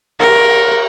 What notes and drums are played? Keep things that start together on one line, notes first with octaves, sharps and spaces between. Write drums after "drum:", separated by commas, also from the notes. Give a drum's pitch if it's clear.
A#4, drum: cymbal